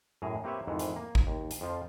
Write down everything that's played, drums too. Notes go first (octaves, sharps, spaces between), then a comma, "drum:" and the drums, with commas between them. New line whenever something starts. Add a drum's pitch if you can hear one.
F#2 A2 G#4 A#5
A#3 C4 G4 B4 C#5 E5
F2 G#2 D#3 E3
drum: hi-hat
A#3
drum: kick G#1
D#2
drum: hi-hat
F2 F3 F4